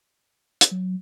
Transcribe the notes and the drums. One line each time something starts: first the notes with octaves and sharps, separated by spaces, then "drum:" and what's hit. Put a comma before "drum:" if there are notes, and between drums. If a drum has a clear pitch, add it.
drum: hi-hat
F#3